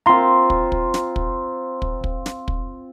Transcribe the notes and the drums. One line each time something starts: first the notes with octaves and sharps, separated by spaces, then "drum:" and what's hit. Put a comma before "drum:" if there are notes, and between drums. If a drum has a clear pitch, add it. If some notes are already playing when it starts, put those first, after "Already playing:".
C4 F4 A#5 C6
drum: kick
drum: kick
drum: snare
drum: kick
drum: kick
drum: kick
drum: snare
drum: kick